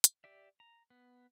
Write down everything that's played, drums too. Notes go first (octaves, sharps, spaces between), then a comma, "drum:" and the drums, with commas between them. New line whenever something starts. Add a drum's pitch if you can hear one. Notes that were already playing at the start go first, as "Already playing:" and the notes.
drum: hi-hat
G4 D5 E5
A#5
B3